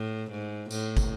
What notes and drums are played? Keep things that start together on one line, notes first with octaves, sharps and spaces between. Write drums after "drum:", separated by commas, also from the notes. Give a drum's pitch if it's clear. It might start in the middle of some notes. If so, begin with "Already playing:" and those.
Already playing: A2
G#2
A2, drum: tambourine
drum: kick, tambourine